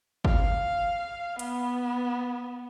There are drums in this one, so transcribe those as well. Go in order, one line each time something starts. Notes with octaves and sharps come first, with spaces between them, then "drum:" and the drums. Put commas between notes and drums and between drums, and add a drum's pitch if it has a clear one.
F5, drum: kick
B3, drum: hi-hat